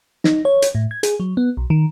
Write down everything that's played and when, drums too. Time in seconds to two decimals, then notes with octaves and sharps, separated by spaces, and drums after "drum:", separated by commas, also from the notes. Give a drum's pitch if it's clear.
0.24 D#4, drum: snare
0.45 C#5
0.62 drum: hi-hat
0.75 A2
0.91 G#6
1.03 G#4, drum: hi-hat
1.20 F#3
1.37 B3
1.57 B1
1.70 D#3